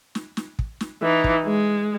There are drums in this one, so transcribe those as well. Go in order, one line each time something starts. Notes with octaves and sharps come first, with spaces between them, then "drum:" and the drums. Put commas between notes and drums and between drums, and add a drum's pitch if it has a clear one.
drum: snare
drum: snare
drum: kick
drum: snare
E3 D#4
drum: kick
G#3